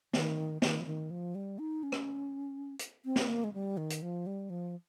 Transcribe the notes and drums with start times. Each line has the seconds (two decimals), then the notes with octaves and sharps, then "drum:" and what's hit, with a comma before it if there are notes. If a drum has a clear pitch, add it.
0.13 D#3, drum: snare
0.62 D#3, drum: snare
0.81 F3
0.86 D#3
1.11 F3
1.35 G3
1.59 D#4
1.83 C#4
1.92 drum: rim click
2.79 drum: hi-hat
3.05 C4
3.16 drum: snare
3.28 A#3
3.44 G#3
3.54 G3
3.77 D#3
3.90 drum: hi-hat
4.02 F3
4.27 G3
4.50 F3